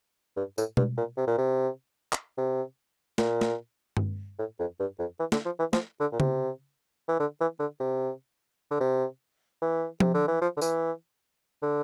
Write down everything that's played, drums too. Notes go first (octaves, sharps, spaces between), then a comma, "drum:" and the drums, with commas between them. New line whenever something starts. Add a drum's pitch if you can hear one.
G2
A2, drum: tambourine
G2, drum: tom B2
A#2
C3
A#2
C3
drum: clap
C3
A#2, drum: snare
drum: snare
drum: tom G2
A2
F2
G2
F2
E3
D3, drum: snare
F3
E3
F3, drum: snare
D3
A#2
C3, drum: tom C#3
E3
D3
E3
D3
C3
D3
C3
E3
C3, drum: tom F3
D3
E3
F3
D3
E3, drum: tambourine
D3